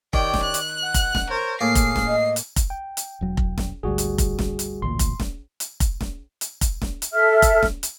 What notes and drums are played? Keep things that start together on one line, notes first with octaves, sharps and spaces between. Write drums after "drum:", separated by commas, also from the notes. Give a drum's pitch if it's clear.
D#3 G4 C#5 D5 G5, drum: kick F1
drum: snare
F#6
drum: hi-hat
F#5
drum: kick F1, hi-hat
drum: snare
A#4 C5 C#5
A2 A#3 G#4 F5 C7
drum: kick F1, hi-hat
drum: snare
D#5
drum: hi-hat
drum: kick F1, hi-hat
G5
drum: hi-hat
E1 F#3
drum: kick F1
drum: snare
G#1 D2 G3 F#4 G#4
drum: hi-hat
drum: kick F1, hi-hat
drum: snare
drum: hi-hat
A1 D2 A#2 C6
drum: kick F1, hi-hat
drum: snare
drum: hi-hat
drum: kick F1, hi-hat
drum: snare
drum: hi-hat
drum: kick F1, hi-hat
drum: snare
drum: hi-hat
A4 E5 F6
drum: kick F1, hi-hat
drum: snare
drum: hi-hat